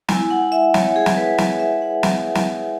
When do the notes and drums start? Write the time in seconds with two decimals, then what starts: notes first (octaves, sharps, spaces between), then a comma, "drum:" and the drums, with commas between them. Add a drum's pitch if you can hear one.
0.09 G#3 E4 G#5, drum: snare
0.31 F#5
0.52 E5
0.74 C#5, drum: snare
0.96 G#4
1.06 drum: snare
1.17 B4
1.38 C#5, drum: snare
1.59 E5
1.82 F#5
2.03 drum: snare
2.35 drum: snare